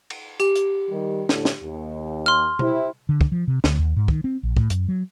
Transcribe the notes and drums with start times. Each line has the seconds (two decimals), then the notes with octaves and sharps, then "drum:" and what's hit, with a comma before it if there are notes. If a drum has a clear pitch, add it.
0.10 drum: cymbal
0.40 G4, drum: tambourine
0.55 drum: hi-hat
0.90 D#3 G3
1.29 D2 A2, drum: snare
1.45 drum: snare
1.62 D#2
2.26 C6 F6
2.59 E4 G4 C5, drum: tom B2
3.09 D3
3.21 drum: kick
3.32 F3
3.48 C3
3.64 D2, drum: snare
3.79 D#2
3.96 G#2
4.08 D#3, drum: kick
4.24 C4
4.43 A#1
4.57 A2, drum: kick
4.70 F#2, drum: hi-hat
4.88 F#3